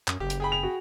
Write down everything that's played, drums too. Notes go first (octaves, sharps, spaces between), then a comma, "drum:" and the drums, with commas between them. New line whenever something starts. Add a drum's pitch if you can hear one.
F#2, drum: clap
F#1 G4
drum: hi-hat
G#4 G5 B5
F7
F#4